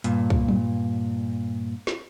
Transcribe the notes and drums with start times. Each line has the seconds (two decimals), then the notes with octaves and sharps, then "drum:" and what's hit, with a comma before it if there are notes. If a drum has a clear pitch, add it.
0.04 G2 A#2, drum: hi-hat
0.30 drum: kick
0.48 drum: tom F#3
1.87 drum: snare